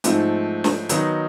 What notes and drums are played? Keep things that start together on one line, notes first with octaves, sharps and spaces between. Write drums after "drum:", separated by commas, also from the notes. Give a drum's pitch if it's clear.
G#2 F3 A3 C4, drum: hi-hat
drum: snare
D#3 F#3 B3 D#4, drum: hi-hat